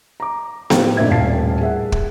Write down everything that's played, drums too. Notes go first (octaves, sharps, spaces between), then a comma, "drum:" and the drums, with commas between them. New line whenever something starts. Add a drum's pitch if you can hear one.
A#5 D6
A2 G4 C5 F5 G5, drum: snare B3
G#1 G2 A#2 D#4 E5 G#6
D#1 A2 F5 A5 C7
G#4 E5 F#5
drum: kick